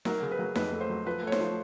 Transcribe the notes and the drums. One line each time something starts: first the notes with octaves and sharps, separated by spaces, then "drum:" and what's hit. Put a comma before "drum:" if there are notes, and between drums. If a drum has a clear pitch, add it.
F#3 A#4, drum: snare D#4
C#3
B4
F#3
F2 B4, drum: snare D#4
A3
C5
F#3
F3 B4
A3 C#5
C5, drum: snare D#4
F3